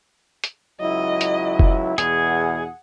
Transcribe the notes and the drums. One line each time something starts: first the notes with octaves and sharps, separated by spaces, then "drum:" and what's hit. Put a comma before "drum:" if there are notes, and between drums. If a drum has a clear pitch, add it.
drum: hi-hat
C#2 F#3 E4 D#5
drum: hi-hat
drum: kick F1
E2 B2 G#4 F#5, drum: hi-hat